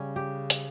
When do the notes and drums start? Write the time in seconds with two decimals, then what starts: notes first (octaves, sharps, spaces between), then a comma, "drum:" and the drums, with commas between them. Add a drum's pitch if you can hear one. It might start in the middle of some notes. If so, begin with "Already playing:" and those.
Already playing: C#3 G3 C#4
0.16 G4
0.50 drum: hi-hat